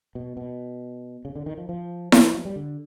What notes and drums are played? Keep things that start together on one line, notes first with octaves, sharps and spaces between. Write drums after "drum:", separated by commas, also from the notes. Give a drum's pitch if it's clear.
B2
B2
C#3
D3
D#3
F3
F3
F3, drum: snare E4
F3
F#3
G3
D3